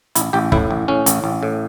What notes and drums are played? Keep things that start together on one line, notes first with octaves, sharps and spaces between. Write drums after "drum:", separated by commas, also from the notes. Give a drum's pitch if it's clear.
A1 E4, drum: hi-hat
A1 G4
A2 E4, drum: kick
A1
A2 C#4
A1, drum: hi-hat
A1
A2